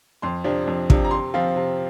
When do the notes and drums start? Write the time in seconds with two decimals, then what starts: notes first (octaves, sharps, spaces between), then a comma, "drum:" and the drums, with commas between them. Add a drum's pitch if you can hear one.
0.22 F2 C6
0.44 C3 F3 D4
0.67 F2
0.90 C3 F3 D4, drum: kick
1.05 A#5
1.11 C3 C6
1.34 F3 C4 F4
1.56 C3